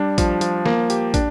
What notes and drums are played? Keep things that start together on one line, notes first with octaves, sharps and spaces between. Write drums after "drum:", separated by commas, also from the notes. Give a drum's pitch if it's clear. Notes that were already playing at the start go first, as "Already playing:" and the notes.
Already playing: G3 D4
F3, drum: kick, hi-hat
F3, drum: hi-hat
A#3, drum: snare
G4, drum: hi-hat
D4, drum: kick, hi-hat